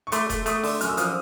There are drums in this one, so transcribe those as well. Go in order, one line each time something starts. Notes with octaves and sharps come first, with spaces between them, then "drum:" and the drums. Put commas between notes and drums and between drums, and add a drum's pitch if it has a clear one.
C#6
A3 C6 D6, drum: hi-hat
A3, drum: kick E1, hi-hat
A3 C#6 D#6, drum: hi-hat
D3, drum: open hi-hat
F#2 F6, drum: hi-hat
E6
F3 D#6 F6, drum: hi-hat